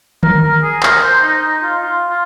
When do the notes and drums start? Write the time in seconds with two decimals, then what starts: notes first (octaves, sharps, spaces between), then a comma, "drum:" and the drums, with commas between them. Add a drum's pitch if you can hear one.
0.23 A#4, drum: tom D3
0.43 A#4
0.63 G#4
0.83 A#4, drum: clap
1.03 C5
1.22 D#4
1.42 D#4
1.63 F4
1.82 F4
2.09 F4